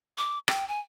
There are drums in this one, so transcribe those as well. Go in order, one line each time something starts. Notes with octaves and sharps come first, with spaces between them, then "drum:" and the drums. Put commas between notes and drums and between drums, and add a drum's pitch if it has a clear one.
D6
G5, drum: rim click
G#5